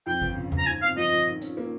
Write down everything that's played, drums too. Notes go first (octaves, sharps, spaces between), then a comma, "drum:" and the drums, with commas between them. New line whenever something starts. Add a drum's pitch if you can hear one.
F2 G5
G1, drum: kick G#1
C#3
G1, drum: tom E2
A#5
G#2 G#5
C4 F5
F3 D#5
A#1
D#3
C#4, drum: hi-hat
A#3